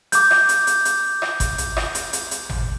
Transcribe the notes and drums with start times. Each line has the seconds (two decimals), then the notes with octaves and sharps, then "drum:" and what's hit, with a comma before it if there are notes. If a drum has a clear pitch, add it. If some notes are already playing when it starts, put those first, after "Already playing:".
0.12 D6 G6, drum: hi-hat
0.31 drum: rim click
0.49 drum: hi-hat
0.67 drum: hi-hat
0.85 drum: hi-hat
1.22 drum: rim click
1.40 drum: kick, hi-hat
1.58 drum: hi-hat
1.76 drum: rim click
1.95 drum: hi-hat
2.13 drum: hi-hat
2.31 drum: hi-hat
2.49 drum: tom G#1